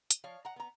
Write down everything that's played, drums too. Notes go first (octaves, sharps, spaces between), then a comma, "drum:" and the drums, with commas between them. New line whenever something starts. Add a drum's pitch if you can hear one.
drum: hi-hat
F3 C#5 F5
F#5 A#5
B3 A#5